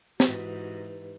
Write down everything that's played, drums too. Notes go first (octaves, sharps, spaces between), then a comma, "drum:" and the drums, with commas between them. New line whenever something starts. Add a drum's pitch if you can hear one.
G#2 E3 D#4 F#4 G4 B4, drum: snare